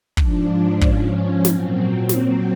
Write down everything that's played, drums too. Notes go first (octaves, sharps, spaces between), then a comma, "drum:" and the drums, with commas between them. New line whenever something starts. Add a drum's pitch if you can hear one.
G#2 F3 D4, drum: kick
C#4, drum: kick
A#2 F#3 C4, drum: snare
C4, drum: snare